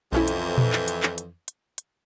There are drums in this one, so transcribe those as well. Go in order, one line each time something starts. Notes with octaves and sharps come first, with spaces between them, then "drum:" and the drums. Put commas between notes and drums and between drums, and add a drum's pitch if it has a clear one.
B1 F2 E3 C#4 E4
drum: hi-hat
drum: tom A#2
drum: clap
drum: hi-hat
drum: clap
drum: hi-hat
drum: hi-hat
drum: hi-hat